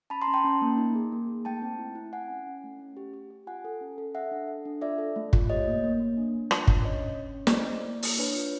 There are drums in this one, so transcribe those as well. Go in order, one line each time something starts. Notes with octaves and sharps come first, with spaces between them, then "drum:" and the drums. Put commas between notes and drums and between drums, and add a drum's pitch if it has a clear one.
C#4 A5 B5
A#5 C6
C#4
G5 A5
C#4
A#3
D#4
G#4
A#3
A#3
A3 G5 A5
C4
E4
E4
E4 F#5 G#5
C#4
C#4
A3
C#4
G4
G4
G4
F4 F#5 G#5
A4
C#4
A4
A4 E5 F#5
D4
A4
D4
F4 D5 E5
A4
A3
F4, drum: kick
G4 C#5 D#5
A#3
A#3
A#3
D4
D4
F4, drum: rim click
D4, drum: kick
C#4 C#5 D#5
C#4
C#4
C#4
D#5, drum: snare
E4 C5 D5
E4
A#3
E4, drum: open hi-hat
D4 B4 C#5
F4